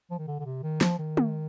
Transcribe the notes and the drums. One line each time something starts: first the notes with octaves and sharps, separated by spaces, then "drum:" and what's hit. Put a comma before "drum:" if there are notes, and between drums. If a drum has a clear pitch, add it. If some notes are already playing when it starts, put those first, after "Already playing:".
F3
D#3
D3
D3
C3
D#3
F3, drum: snare
D#3
drum: tom